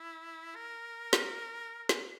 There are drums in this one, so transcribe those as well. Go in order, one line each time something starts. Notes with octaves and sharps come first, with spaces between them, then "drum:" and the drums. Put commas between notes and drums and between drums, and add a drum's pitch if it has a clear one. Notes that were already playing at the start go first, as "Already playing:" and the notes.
Already playing: E4
A#4
drum: snare
drum: snare